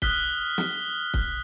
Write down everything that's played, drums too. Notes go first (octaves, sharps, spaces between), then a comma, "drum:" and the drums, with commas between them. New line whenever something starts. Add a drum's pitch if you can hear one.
D#6 F6 F#6 B6 G7, drum: kick
drum: snare
drum: kick